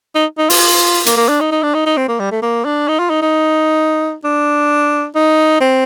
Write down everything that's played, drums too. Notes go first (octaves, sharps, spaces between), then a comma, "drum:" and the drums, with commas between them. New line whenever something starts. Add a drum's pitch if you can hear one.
D#4
D#4
F4, drum: open hi-hat
A#3, drum: hi-hat
A#3
D4
D#4
D#4
D4
D#4
D#4
C4
A#3
G3
A3
A#3
D4
D#4
F4
D#4
D#4
D4
D#4
C4